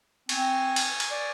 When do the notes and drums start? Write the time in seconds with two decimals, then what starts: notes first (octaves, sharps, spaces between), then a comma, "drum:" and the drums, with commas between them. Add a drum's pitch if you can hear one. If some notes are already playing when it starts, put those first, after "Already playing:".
0.29 C4 G#5 C#6, drum: cymbal
0.76 drum: cymbal
1.00 drum: cymbal
1.11 D5